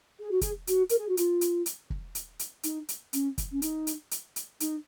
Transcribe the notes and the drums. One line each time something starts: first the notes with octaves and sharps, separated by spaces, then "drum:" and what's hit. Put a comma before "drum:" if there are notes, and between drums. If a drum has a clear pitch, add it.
G#4
F#4
G#4, drum: kick, hi-hat
F#4, drum: hi-hat
A#4, drum: hi-hat
G#4
F#4
F4, drum: hi-hat
drum: hi-hat
drum: hi-hat
drum: kick
drum: hi-hat
drum: hi-hat
D#4, drum: hi-hat
drum: hi-hat
C#4, drum: hi-hat
drum: kick, hi-hat
C#4
D#4, drum: hi-hat
drum: hi-hat
drum: hi-hat
drum: hi-hat
D#4, drum: hi-hat